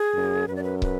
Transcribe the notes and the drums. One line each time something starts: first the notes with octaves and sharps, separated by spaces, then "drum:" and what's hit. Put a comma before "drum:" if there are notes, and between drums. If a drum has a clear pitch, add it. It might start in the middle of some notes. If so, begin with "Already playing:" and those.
Already playing: G#4
F#2
F#2 B4
D5
B4
A#4
B4, drum: kick